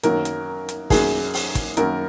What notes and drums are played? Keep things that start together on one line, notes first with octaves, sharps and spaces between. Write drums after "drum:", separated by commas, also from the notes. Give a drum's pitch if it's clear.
F#2 D#3 F#3 A#3 A#4, drum: hi-hat
drum: hi-hat
drum: hi-hat
F#2 D#3 F#3 A#3 G#4, drum: kick, open hi-hat
drum: open hi-hat
drum: kick, hi-hat
F#2 D#3 F#3 A#3 A#4, drum: hi-hat